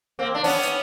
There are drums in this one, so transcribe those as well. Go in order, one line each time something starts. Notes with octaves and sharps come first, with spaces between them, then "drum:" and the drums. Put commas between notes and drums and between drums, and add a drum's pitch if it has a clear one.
A#3 C4
D4
B3 C#4, drum: open hi-hat
drum: hi-hat